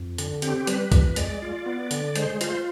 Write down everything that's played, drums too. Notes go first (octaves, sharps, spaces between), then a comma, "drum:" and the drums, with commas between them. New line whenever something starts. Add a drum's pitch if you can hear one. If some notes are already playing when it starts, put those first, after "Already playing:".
Already playing: F2
D3, drum: hi-hat
C4 G4, drum: hi-hat
G3 B4, drum: hi-hat
F2, drum: kick B1, hi-hat
G#3 D5, drum: hi-hat
F4
B3
D3, drum: hi-hat
G#3 C5, drum: hi-hat
F4 C5, drum: hi-hat